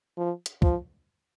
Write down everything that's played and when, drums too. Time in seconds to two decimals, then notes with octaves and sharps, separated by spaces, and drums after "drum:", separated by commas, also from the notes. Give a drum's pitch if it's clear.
0.18 F3
0.46 drum: hi-hat
0.62 F3, drum: kick